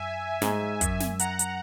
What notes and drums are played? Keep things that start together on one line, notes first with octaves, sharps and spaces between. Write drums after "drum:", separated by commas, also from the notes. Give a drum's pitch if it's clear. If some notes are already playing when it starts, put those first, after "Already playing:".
Already playing: F#2 E5 G#5
G#2, drum: snare
F#2, drum: kick, hi-hat
drum: snare
F#5 A#5, drum: hi-hat
drum: hi-hat